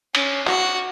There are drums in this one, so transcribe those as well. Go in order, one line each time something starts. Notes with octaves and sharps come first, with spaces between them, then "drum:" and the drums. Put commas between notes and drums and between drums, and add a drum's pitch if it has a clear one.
C#4, drum: cymbal
F#4, drum: clap